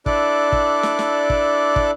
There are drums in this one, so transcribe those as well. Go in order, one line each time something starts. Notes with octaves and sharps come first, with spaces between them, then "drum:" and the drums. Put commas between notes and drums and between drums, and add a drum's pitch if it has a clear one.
D4 E4 A4 D5 D6 F#6, drum: kick
drum: kick
drum: snare
drum: snare
drum: kick
drum: kick